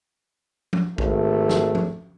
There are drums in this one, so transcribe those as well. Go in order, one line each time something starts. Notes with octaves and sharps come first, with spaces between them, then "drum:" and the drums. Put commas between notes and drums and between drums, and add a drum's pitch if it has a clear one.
drum: tom
G#1 A3, drum: kick A#1
drum: snare
drum: tom